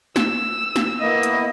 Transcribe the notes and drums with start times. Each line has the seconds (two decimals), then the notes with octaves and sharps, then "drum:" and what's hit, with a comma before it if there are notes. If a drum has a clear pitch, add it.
0.16 E6, drum: snare
0.76 drum: snare
1.00 A#3 B3 E4 D#5
1.23 drum: hi-hat